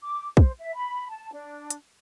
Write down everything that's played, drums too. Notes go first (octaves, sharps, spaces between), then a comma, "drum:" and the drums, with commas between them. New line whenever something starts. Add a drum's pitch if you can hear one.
D6
C5, drum: kick
E5
B5
A5
D4
drum: hi-hat